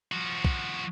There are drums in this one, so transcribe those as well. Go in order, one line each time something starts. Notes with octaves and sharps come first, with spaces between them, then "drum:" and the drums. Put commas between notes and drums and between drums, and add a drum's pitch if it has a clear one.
F3 F#4
drum: kick